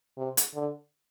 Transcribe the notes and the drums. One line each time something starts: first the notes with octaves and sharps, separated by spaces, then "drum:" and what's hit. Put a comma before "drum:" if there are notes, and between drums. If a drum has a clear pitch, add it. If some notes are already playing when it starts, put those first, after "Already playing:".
C3
drum: hi-hat
D3